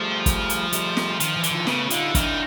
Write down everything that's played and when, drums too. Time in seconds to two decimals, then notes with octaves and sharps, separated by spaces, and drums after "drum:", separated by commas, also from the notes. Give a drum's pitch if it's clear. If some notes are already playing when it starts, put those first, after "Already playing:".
Already playing: F3 G3 A3
0.26 drum: kick, hi-hat
0.50 drum: hi-hat
0.73 G3 A3, drum: hi-hat
0.97 drum: snare
1.20 D#3 F3, drum: hi-hat
1.36 E3
1.43 D3, drum: hi-hat
1.51 D#3 F3
1.67 C#3 A3 B3, drum: snare
1.90 D3 D#4 F4, drum: hi-hat
2.15 D#3 D4 E4, drum: kick, hi-hat